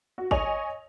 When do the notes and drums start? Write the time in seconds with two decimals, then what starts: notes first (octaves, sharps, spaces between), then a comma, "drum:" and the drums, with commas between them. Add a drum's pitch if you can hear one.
0.18 F#4
0.31 C#5 D#5 G#5 C#6 F7, drum: kick G#1